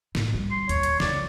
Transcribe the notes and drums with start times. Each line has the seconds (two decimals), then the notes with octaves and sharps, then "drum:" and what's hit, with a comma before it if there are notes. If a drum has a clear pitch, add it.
0.15 A2, drum: snare
0.34 G3
0.51 C6
0.69 D#2 A#2 C#5, drum: hi-hat
0.83 drum: hi-hat
1.00 C#2 A#3 D5, drum: snare